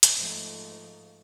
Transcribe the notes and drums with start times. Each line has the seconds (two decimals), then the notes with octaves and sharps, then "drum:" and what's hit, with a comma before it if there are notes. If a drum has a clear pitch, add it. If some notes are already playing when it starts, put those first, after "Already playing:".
0.03 drum: hi-hat
0.17 G#2 F3 A3